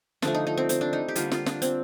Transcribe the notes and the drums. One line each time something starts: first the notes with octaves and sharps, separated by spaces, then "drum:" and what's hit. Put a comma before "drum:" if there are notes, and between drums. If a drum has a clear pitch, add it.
D3 F3 A3 D4, drum: snare
D#4
D#4
C4
C4, drum: hi-hat
D4
D#4
G4
D3 G3 A#3 F4, drum: hi-hat
F4, drum: snare
D4, drum: snare
C4, drum: hi-hat